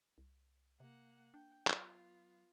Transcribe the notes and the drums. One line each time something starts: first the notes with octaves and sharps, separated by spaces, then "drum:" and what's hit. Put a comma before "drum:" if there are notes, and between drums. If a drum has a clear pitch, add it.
C2
C3 A#3 F#5
D4 G5
F#3 B3 F4, drum: clap